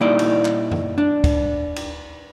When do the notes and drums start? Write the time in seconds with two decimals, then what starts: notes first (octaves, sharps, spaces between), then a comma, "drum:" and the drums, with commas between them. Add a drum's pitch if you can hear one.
0.01 A#2 G3 D#4 E4 D5
0.19 drum: cymbal
0.45 drum: clap
0.71 drum: tom F#2
0.98 D4
1.24 drum: kick, cymbal
1.76 drum: cymbal